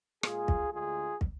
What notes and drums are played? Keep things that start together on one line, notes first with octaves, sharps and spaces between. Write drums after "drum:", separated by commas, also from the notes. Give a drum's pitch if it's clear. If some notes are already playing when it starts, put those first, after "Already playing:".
A#2 G#3 F4 G#4, drum: rim click
drum: kick
D2 D3 G#3 F4 G#4
drum: kick